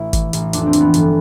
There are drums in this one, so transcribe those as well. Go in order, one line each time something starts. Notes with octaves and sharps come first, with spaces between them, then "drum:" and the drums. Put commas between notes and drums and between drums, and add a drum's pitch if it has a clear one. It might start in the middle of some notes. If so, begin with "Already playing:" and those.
Already playing: A1 E4
E3, drum: kick G#1, hi-hat
A1, drum: hi-hat
F2 D4, drum: hi-hat
C4
E3, drum: hi-hat
B3
G1, drum: hi-hat